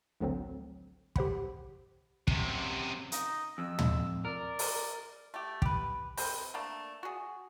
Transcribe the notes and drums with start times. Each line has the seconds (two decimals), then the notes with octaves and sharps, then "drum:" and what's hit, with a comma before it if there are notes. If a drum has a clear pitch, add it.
0.20 A1 D2 D3 F3 F#3 C4
1.16 G4 C5 F#5 B5, drum: kick
2.27 F#2 C3, drum: kick
3.12 D#4, drum: hi-hat
3.58 F2 E6
3.79 drum: tom
4.25 A#4 D5
4.59 drum: open hi-hat
5.34 A3 G4
5.62 G4 B4, drum: kick
6.17 C4 B4, drum: open hi-hat
6.54 A3 A#3 D4
7.03 F#4 G#4